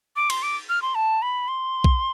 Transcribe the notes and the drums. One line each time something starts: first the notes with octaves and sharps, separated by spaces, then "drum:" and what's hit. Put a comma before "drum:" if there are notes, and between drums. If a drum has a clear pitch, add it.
D6
C6, drum: cymbal
D6
F6
C6
A5
B5
C6
drum: kick